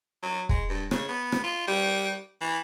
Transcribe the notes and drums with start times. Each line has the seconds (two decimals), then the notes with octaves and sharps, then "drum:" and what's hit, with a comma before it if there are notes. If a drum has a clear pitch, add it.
0.22 F#3
0.49 G#3, drum: kick
0.69 G2
0.91 C#3, drum: rim click
1.08 B3
1.32 drum: rim click
1.44 F4
1.67 G3
2.41 E3